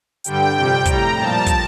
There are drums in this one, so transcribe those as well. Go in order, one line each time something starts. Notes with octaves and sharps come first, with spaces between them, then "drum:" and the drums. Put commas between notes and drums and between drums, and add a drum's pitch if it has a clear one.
G2 D3 G3 G5, drum: hi-hat
F2 C3 G3 G5
A2 G3 A#5, drum: kick, hi-hat
A#2 F3 A5
drum: kick, hi-hat